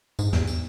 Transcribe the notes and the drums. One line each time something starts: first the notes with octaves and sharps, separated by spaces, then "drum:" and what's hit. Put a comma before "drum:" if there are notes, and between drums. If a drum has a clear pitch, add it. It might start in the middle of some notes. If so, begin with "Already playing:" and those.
G#2, drum: tambourine
E2, drum: snare
drum: tambourine